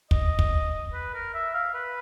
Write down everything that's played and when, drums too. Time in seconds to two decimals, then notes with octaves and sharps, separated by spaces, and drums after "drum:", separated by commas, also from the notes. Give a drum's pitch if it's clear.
0.11 D#5, drum: kick
0.39 drum: kick
0.93 B4
1.14 A#4
1.34 E5
1.54 F5
1.74 B4